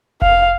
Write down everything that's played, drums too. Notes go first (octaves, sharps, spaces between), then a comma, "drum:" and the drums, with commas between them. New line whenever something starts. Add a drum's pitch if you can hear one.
F5, drum: kick F1